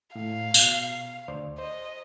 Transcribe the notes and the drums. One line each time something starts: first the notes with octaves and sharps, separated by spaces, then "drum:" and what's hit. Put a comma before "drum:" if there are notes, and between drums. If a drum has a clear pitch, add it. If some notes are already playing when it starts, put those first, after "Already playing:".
A2 F5
B2, drum: tambourine
D2 C5 D5
C5 D#5